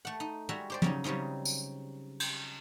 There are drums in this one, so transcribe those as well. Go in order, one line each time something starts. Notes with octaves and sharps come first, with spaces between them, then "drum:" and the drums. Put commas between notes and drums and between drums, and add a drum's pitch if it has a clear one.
A3 F#5
D#4
G3 G#3 F#4 E5 A#5
G4 C5 D5
C#3 F#3 D#4, drum: tom
C#3 F#3 G3 C4 D#4
drum: tambourine
drum: cymbal